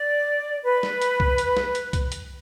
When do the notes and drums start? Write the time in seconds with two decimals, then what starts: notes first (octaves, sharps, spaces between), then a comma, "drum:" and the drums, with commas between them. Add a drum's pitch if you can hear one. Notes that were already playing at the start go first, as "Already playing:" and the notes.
Already playing: D5
0.65 B4
0.83 drum: snare
1.02 drum: hi-hat
1.20 drum: kick C2
1.38 drum: hi-hat
1.57 drum: snare
1.75 drum: hi-hat
1.93 drum: kick C2, hi-hat
2.12 drum: hi-hat